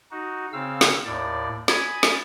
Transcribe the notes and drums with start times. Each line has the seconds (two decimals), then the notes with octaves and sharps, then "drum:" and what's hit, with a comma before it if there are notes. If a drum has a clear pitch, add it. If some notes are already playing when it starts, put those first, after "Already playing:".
0.11 D#4 F#4
0.53 C#3 C4 F5 E6
0.81 drum: snare
1.05 D#2 A2 D5
1.68 G#5 B5 D#6 G#6 A6, drum: snare
2.03 drum: snare